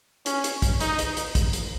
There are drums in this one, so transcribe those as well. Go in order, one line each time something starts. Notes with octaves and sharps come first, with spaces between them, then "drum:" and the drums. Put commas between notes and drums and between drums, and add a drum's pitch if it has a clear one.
C#4, drum: hi-hat
drum: hi-hat
drum: kick, hi-hat
D#4, drum: hi-hat
drum: hi-hat
drum: hi-hat
drum: kick, hi-hat
drum: hi-hat